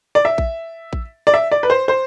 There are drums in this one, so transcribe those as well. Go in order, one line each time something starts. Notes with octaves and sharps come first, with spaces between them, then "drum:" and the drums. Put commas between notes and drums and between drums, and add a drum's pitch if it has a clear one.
D5
E5
drum: kick A#1
drum: kick A#1
D5
E5
D5
B4
C5
C5